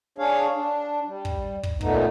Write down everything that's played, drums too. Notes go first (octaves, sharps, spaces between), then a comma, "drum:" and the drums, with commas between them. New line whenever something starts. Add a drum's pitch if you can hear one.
D4 G#4 C#5 F5
D4
G3
drum: kick
drum: kick
A#2 A3 B3 D#4, drum: kick